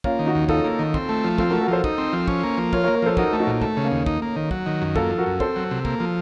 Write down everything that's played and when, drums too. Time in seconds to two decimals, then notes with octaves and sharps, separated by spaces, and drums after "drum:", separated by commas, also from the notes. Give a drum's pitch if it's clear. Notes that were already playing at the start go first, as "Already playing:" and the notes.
0.04 A#3 C#4 F4, drum: kick
0.19 D#3
0.26 D#4 F#4
0.35 D#2
0.49 D#4 F4 A4, drum: kick
0.64 A#3
0.79 D#3
0.94 C4, drum: kick
1.09 A3
1.24 F3
1.38 C4 F4 A4, drum: kick
1.50 F#4 A#4
1.53 A3
1.61 F#4 A#4
1.68 F3 A4 C5
1.84 D#4, drum: kick
1.98 C4
2.13 F3
2.28 C#4, drum: kick
2.43 A#3
2.58 F3
2.73 F4 A#4 C#5, drum: kick
2.84 A#4 C#5
2.88 A#3
2.94 A#4 C#5
3.02 F3 A4 C5
3.17 D#4 F#4 A#4, drum: kick
3.33 A3
3.40 D#4 F#4
3.47 A#2
3.61 A3, drum: kick
3.77 C#3
3.84 A#3 C#4
3.91 D#2
4.06 D#4, drum: kick
4.22 A#3
4.36 D#3
4.51 F#3, drum: kick
4.66 D#3
4.82 F#2
4.96 A#3 F4 A4, drum: kick
5.11 F3
5.18 F#4 A#4
5.26 F#2
5.40 C4 A4 C5, drum: kick
5.56 F#3
5.71 C3
5.85 A#3, drum: kick
6.00 F3